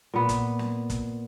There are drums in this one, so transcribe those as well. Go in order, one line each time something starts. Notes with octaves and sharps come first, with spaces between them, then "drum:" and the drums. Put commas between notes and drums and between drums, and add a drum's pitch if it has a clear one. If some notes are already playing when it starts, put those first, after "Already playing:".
A#2 B3
drum: kick, hi-hat
drum: snare
drum: kick, hi-hat